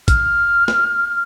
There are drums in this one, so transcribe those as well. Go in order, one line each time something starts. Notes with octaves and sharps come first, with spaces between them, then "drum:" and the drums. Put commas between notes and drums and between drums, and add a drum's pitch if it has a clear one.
F6, drum: kick, hi-hat
drum: snare